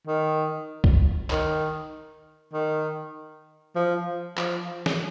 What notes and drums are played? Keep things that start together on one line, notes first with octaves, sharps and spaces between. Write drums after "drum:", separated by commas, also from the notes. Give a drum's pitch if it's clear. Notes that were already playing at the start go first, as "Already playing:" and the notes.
D#3
drum: kick C2
D#3, drum: clap
D#3
F3
F3, drum: clap
drum: snare